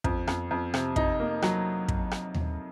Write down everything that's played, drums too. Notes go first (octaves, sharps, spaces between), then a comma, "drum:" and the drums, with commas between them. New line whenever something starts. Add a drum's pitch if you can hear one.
F2, drum: kick
F2, drum: rim click
F2
C3, drum: rim click
D#4, drum: kick
A#3
F#3, drum: rim click
drum: kick
drum: rim click
drum: tom D#2